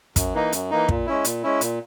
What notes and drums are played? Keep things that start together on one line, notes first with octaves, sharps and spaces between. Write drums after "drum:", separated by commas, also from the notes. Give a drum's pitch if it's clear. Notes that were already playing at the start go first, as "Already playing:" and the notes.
F#2, drum: kick, hi-hat
E3 A#3 D#4
F#2, drum: hi-hat
E3 A#3 D#4
A#2, drum: kick
G#3 C#4 E4
A#2, drum: hi-hat
G#3 C#4 E4
A#2, drum: hi-hat